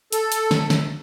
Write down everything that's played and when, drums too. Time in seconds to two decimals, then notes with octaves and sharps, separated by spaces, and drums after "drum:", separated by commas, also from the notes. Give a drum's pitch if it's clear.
0.13 A4, drum: hi-hat
0.32 drum: hi-hat
0.51 drum: snare
0.70 drum: snare